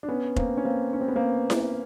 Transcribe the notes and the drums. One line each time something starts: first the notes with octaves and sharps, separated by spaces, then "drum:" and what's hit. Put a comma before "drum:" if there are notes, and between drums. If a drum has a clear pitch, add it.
D4
B3 C#4
A#3 C4, drum: kick F1
C#4
A#3 C4
C#4
C4
B3
A#3 C4
drum: snare E4